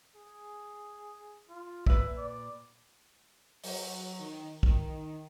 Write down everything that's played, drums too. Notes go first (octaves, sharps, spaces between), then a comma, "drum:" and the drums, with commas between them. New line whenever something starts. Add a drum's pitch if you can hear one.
G#4
F4
A#2 B4 E5, drum: kick
D5
F#3, drum: open hi-hat
D#3
D#3, drum: kick